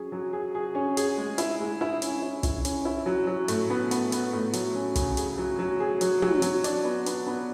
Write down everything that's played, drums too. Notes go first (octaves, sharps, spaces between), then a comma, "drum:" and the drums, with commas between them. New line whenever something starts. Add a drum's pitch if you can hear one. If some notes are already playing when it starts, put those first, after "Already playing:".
Already playing: F#3 C#4 G#4
F#3
G#4
G#4
C#4
G#4, drum: hi-hat
G#3
E4, drum: hi-hat
G#3
E4
C#4, drum: hi-hat
E4
E4, drum: kick, hi-hat
C#4, drum: hi-hat
E4
F#3
F#3
A2, drum: hi-hat
B3
B3, drum: hi-hat
B3, drum: hi-hat
A2
F#3, drum: hi-hat
C#4
C#3, drum: kick, hi-hat
G#4, drum: hi-hat
F#3
F#3
G#4
F#3, drum: hi-hat
F#3, drum: tom
F#3, drum: hi-hat
D4, drum: hi-hat
B3
B3, drum: hi-hat
B3